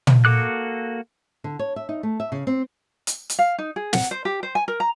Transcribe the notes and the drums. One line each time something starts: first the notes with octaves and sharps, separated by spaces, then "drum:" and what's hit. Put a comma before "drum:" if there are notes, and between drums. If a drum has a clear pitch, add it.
drum: tom
A#3 F#4 A4 D6 F#6
D3
C#5
E5
D#4
A3
E5
C#3
C4
drum: hi-hat
drum: hi-hat
F5
D#4
G#4
F#5, drum: snare
C5
G4
C5
G#5
A#4
A#5